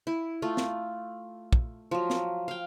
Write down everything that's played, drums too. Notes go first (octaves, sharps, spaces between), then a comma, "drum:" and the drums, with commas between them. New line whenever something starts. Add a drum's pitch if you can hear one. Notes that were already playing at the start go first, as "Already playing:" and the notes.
E4
A3 F4
drum: snare
drum: kick
F3 F#3
drum: snare
F5 G5